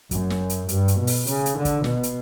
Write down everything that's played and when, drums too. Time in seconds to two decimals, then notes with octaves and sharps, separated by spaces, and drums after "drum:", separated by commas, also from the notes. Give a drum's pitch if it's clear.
0.11 F#2, drum: kick, hi-hat
0.30 drum: snare
0.50 drum: hi-hat
0.69 G2, drum: hi-hat
0.88 drum: hi-hat
0.97 B2
1.07 drum: open hi-hat
1.27 C#3, drum: hi-hat
1.46 drum: hi-hat
1.55 D3
1.65 drum: kick, hi-hat
1.84 B2, drum: snare
2.03 drum: hi-hat